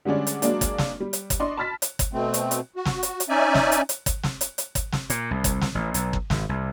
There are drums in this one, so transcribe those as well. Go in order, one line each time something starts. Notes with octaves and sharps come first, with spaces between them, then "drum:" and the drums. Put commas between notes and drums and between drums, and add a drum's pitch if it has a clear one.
D3 G3 G#3 C#4 D4
drum: hi-hat
F#3 G#3 A#3 D4, drum: hi-hat
drum: kick G1, hi-hat
drum: snare
G3
drum: hi-hat
drum: kick G1, hi-hat
D4 D#5 C6 C#6
A5 B5 F6 A6 B6
drum: hi-hat
drum: kick G1, hi-hat
B2 A3 C4
drum: hi-hat
drum: hi-hat
F#4
drum: snare
drum: hi-hat
drum: hi-hat
C#4 D#4 D5 E5 G#5
drum: snare
drum: hi-hat
drum: hi-hat
drum: kick G1, hi-hat
drum: snare
drum: hi-hat
drum: hi-hat
drum: kick G1, hi-hat
drum: snare
A#2, drum: hi-hat
C2
drum: kick G1, hi-hat
drum: snare
A1
B1, drum: hi-hat
drum: kick G1
G#1, drum: snare
C2